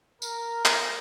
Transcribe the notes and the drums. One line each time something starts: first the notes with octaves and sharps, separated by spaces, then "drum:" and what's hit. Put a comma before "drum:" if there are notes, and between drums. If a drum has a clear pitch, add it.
A#4, drum: tambourine
A#4, drum: clap